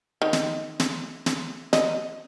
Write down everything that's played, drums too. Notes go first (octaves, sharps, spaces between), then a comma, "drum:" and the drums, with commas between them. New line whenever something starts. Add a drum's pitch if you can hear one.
D#3
drum: snare
drum: snare
drum: snare
D#5, drum: snare